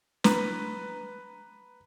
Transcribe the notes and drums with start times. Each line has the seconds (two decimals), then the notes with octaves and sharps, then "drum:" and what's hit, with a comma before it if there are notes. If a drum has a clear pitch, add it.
0.24 B4 A#5, drum: snare